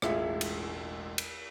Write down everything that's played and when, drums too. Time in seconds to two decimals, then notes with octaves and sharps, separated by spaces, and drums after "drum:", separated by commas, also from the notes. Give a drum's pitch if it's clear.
0.02 E1 A1 G#3 E4 F4 E5, drum: rim click
0.41 drum: cymbal
1.18 drum: cymbal